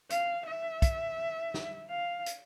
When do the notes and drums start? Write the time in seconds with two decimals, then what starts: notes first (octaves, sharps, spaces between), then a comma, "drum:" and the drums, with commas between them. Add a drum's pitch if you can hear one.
0.10 F5, drum: hi-hat
0.46 E5
0.82 drum: kick, hi-hat
1.54 drum: snare
1.90 F5
2.26 drum: hi-hat